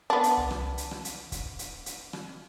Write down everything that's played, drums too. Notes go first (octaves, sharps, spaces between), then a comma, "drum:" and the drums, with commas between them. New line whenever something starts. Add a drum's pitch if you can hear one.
B3 D4
drum: hi-hat
drum: tom C2
drum: rim click
drum: hi-hat
drum: rim click
drum: hi-hat
drum: kick, hi-hat
drum: hi-hat
drum: hi-hat
drum: rim click